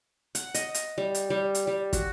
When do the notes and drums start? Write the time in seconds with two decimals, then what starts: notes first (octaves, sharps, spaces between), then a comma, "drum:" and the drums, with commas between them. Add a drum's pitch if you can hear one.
0.35 F#5, drum: hi-hat
0.54 D#5, drum: hi-hat
0.74 drum: hi-hat
0.98 G3
1.15 drum: hi-hat
1.30 G3
1.55 drum: hi-hat
1.67 G3
1.93 F#4, drum: kick, hi-hat